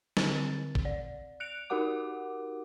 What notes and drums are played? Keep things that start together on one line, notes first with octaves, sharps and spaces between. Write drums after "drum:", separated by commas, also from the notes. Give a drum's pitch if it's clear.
D3 C4 A6, drum: snare
drum: kick
D5
F#6 C#7 D7 F7
D#4 F#4 G4 A#4 F#5 D6